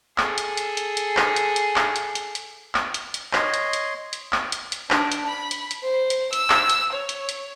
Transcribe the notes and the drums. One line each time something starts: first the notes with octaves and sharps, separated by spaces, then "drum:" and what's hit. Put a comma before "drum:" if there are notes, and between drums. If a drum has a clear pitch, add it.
G#4 A4, drum: clap
drum: hi-hat
drum: hi-hat
drum: hi-hat
drum: hi-hat
drum: clap
drum: hi-hat
drum: hi-hat
drum: clap
drum: hi-hat
drum: hi-hat
drum: hi-hat
drum: clap
drum: hi-hat
drum: hi-hat
C#5 D#5 C6, drum: clap
drum: hi-hat
drum: hi-hat
drum: hi-hat
drum: clap
drum: hi-hat
drum: hi-hat
D4, drum: clap
drum: hi-hat
B5
drum: hi-hat
drum: hi-hat
C5
drum: hi-hat
E6, drum: hi-hat
drum: clap
drum: hi-hat
C#5
drum: hi-hat
drum: hi-hat